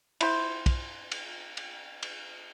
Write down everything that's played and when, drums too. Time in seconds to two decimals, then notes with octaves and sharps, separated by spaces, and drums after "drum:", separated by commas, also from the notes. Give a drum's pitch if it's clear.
0.21 E4 C5, drum: cymbal
0.66 drum: kick, cymbal
1.12 drum: cymbal
1.57 drum: cymbal
2.03 drum: cymbal